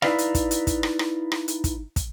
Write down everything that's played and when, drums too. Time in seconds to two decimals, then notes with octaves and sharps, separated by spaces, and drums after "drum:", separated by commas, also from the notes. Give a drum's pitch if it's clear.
0.02 D#4 E4 B4 D5 F5, drum: rim click
0.18 drum: hi-hat
0.35 drum: kick, hi-hat
0.51 drum: hi-hat
0.67 drum: kick, hi-hat
0.83 drum: rim click
0.99 drum: rim click
1.32 drum: rim click
1.48 drum: hi-hat
1.64 drum: kick, hi-hat
1.96 drum: kick, hi-hat